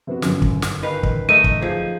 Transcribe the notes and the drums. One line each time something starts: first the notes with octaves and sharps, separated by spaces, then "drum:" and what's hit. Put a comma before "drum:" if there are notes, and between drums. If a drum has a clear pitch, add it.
C3 B3 F#4
G1 F#2, drum: snare
drum: kick
drum: snare
D#3 B4 F5
drum: kick
A3 D#4 E5 D#7
drum: kick
F3 G#4